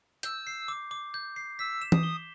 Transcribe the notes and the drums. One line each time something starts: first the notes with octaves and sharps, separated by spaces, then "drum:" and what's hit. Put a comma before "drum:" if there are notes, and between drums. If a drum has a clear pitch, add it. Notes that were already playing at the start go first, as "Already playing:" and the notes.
E6 G6, drum: hi-hat
C7
D6
D6
G6
C7
E6 B6
E7
D#6, drum: tom E3
G7